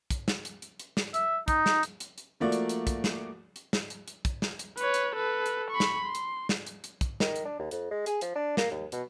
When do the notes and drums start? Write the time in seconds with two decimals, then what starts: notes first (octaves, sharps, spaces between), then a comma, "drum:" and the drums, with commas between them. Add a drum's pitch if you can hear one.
0.10 drum: kick, hi-hat
0.28 drum: snare
0.45 drum: hi-hat
0.62 drum: hi-hat
0.80 drum: hi-hat
0.97 drum: snare
1.14 E5, drum: hi-hat
1.48 D#4, drum: kick, hi-hat
1.66 drum: snare
1.83 drum: hi-hat
2.00 drum: hi-hat
2.18 drum: hi-hat
2.40 F3 A3 A#3 F#4 D5
2.52 drum: hi-hat
2.69 drum: hi-hat
2.87 drum: kick, hi-hat
3.04 drum: snare
3.56 drum: hi-hat
3.73 drum: snare
3.90 drum: hi-hat
4.08 drum: hi-hat
4.25 drum: kick, hi-hat
4.42 drum: snare
4.59 drum: hi-hat
4.77 B4 C#5, drum: hi-hat
4.94 drum: hi-hat
5.15 A4 B4
5.46 drum: hi-hat
5.71 B5 C#6
5.80 drum: snare
6.05 C6
6.15 drum: hi-hat
6.49 drum: snare
6.67 drum: hi-hat
6.84 drum: hi-hat
7.01 drum: kick, hi-hat
7.20 D#3, drum: snare
7.36 drum: hi-hat
7.45 D4
7.59 D#2
7.71 F2, drum: hi-hat
7.91 G#3
8.06 G#4, drum: hi-hat
8.21 F3, drum: hi-hat
8.35 D4
8.57 A#3, drum: snare
8.71 D#2
8.92 B2, drum: hi-hat